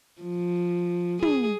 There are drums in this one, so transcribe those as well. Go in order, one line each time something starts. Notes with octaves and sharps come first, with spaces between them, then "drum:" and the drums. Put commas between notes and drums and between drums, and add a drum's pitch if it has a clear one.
F3
G#4, drum: tom